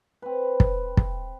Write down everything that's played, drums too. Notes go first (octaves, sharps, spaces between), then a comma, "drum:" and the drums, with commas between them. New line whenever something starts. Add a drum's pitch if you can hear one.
C4 B4
drum: kick
drum: kick